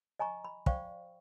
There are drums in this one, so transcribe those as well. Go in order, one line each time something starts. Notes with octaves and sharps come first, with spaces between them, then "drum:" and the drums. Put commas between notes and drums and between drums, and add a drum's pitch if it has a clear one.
D#5 G#5 A#5 C#6
B5
C5 D5 F5 G5 C#6, drum: kick